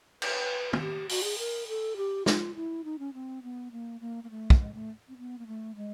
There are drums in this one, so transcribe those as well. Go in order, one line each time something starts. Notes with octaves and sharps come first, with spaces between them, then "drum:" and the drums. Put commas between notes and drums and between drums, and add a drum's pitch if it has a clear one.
B4, drum: cymbal
F#4, drum: tom
G4
F#4, drum: open hi-hat
G#4
A#4
A4
G4
F4, drum: snare
E4
D#4
C#4
C4
B3
A#3
A#3
A#3
A3
drum: kick
G#3
A3
C4
B3
A#3
A3
G#3